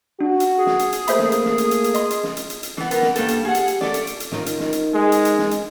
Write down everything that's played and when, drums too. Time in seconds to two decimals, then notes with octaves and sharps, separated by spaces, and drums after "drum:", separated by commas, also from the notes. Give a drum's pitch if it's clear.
0.20 D4 F#4
0.40 drum: hi-hat
0.57 G#4
0.66 drum: snare
0.79 drum: hi-hat
0.92 drum: hi-hat
1.08 A3 A#3 C5 E5 B5, drum: hi-hat
1.19 drum: snare
1.32 drum: hi-hat
1.45 drum: snare
1.58 drum: hi-hat
1.71 drum: hi-hat
1.84 drum: hi-hat
1.94 D#5 C6, drum: hi-hat
2.10 drum: hi-hat
2.24 drum: snare
2.37 drum: hi-hat
2.50 drum: hi-hat
2.63 drum: hi-hat
2.77 E3 B3, drum: snare
2.91 B3 A#4, drum: hi-hat
3.02 drum: snare
3.15 G2 G3 A#3 A4, drum: hi-hat
3.28 drum: hi-hat
3.45 G4 G#4 F#5
3.55 drum: hi-hat
3.68 drum: hi-hat
3.81 A3 D5, drum: snare
3.94 drum: hi-hat
4.07 drum: hi-hat
4.20 drum: hi-hat
4.32 D#3 D#4 F4, drum: snare
4.46 drum: hi-hat
4.59 drum: snare
4.73 drum: hi-hat
4.94 G#3
5.12 drum: hi-hat
5.25 drum: hi-hat
5.38 drum: snare
5.51 drum: hi-hat